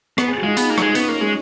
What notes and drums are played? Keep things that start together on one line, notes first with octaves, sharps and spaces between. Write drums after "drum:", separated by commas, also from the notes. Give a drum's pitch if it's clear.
B3, drum: rim click
G#4
F#4
G#3 D#4 F4
B3, drum: hi-hat
A#3
F#3, drum: rim click
G#3
B3 C#4, drum: hi-hat
A#3
G#3